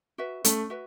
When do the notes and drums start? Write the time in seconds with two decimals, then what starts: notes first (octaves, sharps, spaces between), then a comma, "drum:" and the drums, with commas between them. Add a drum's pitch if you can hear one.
0.18 F#4 B4 E5
0.45 A3 C#4, drum: hi-hat
0.70 F#4 B4 E5